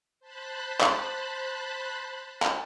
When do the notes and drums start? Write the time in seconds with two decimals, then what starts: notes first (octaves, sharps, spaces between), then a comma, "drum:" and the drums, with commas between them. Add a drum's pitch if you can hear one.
0.20 C5 A5 B5 F#6
0.81 drum: clap
2.42 drum: clap